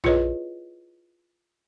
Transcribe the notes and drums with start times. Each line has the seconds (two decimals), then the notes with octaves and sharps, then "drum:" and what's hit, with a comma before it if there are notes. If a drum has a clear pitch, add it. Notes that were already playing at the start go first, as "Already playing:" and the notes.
0.04 E4 F4 G#4 B4 C#5 D#5, drum: tom A#1